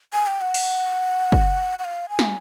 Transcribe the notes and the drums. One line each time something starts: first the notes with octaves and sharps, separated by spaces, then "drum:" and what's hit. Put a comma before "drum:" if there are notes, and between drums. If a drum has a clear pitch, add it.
G#5
G5
F#5
drum: open hi-hat
drum: kick
F#5
F5
G#5
drum: snare